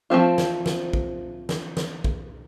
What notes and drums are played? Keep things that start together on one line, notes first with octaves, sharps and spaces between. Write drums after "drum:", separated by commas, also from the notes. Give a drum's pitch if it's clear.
F3 A3 C4 F4
drum: snare
drum: snare
drum: kick
drum: snare
drum: snare
drum: kick